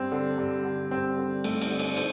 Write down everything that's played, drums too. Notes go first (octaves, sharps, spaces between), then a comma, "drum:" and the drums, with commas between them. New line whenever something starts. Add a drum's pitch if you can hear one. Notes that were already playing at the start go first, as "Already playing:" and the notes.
Already playing: G2 C4
D3
G2
D3
G2 C4
D3
G2 A3, drum: cymbal
C4, drum: cymbal
D3
D4, drum: cymbal
C5, drum: cymbal